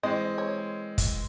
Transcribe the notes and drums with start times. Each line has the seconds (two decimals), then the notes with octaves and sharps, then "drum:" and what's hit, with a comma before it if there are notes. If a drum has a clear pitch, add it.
0.03 E3 G#3 C4 D#5
0.38 C#5
0.98 drum: kick, hi-hat